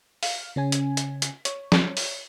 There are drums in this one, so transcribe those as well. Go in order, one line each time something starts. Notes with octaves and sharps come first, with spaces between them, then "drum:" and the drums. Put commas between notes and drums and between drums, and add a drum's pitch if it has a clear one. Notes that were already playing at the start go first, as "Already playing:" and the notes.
F5, drum: open hi-hat
C#3 C#4 G#5
drum: hi-hat
drum: hi-hat
drum: hi-hat
C#5, drum: hi-hat
drum: snare
drum: open hi-hat